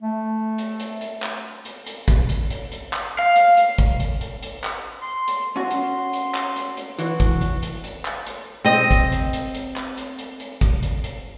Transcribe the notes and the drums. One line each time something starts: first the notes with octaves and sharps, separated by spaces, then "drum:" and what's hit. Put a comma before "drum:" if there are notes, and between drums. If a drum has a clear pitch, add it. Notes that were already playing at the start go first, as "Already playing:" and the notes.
A3
drum: hi-hat
drum: hi-hat
drum: hi-hat
drum: clap
drum: hi-hat
drum: hi-hat
drum: kick G#1, hi-hat
drum: hi-hat
drum: hi-hat
drum: hi-hat
drum: clap
F5
drum: hi-hat
drum: hi-hat
drum: kick G#1, hi-hat
drum: hi-hat
drum: hi-hat
drum: hi-hat
drum: clap
C6
drum: hi-hat
C#4 F#4 C6
drum: hi-hat
drum: hi-hat
drum: clap
drum: hi-hat
drum: hi-hat
E3 F#4, drum: hi-hat
drum: kick G#1, hi-hat
drum: hi-hat
drum: hi-hat
drum: hi-hat
drum: clap
drum: hi-hat
C4 D#5
drum: kick G#1, hi-hat
drum: hi-hat
drum: hi-hat
drum: hi-hat
drum: clap
drum: hi-hat
drum: hi-hat
drum: hi-hat
drum: kick G#1, hi-hat
drum: hi-hat
drum: hi-hat